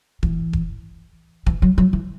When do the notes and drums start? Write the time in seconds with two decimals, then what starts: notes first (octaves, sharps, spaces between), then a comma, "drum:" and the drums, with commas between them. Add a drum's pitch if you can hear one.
0.23 E3, drum: kick E1
0.53 drum: kick E1
1.46 E3, drum: kick E1
1.62 F#3
1.78 F#3
1.93 E3